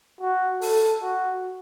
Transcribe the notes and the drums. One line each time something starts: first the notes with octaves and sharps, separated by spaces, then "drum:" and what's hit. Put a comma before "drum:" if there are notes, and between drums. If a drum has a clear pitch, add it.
F#4
A4, drum: open hi-hat
F#4